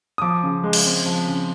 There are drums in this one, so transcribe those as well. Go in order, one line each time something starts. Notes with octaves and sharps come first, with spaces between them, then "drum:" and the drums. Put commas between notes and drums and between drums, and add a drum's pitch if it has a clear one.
D#6
F3 D6
C#3
G#3
drum: cymbal
C4
F3
C#3